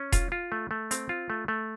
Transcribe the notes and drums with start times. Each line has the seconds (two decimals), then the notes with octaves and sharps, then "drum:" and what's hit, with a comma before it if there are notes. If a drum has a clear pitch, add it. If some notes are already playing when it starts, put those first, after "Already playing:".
Already playing: C#4
0.12 F4, drum: kick E1, hi-hat
0.32 F4
0.52 A3
0.71 A3
0.91 C4, drum: hi-hat
1.09 F4
1.30 A3
1.48 A3